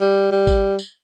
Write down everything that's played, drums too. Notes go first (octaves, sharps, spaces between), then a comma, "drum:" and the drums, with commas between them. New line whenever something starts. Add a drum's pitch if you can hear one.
G3
G3
drum: kick G#1, tambourine
drum: tambourine